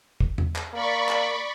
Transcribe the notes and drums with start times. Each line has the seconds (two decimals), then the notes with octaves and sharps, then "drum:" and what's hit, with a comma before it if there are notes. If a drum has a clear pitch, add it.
0.21 drum: kick
0.38 drum: tom E2
0.56 drum: clap
0.73 A#3 D5 B5 C#6
1.09 drum: clap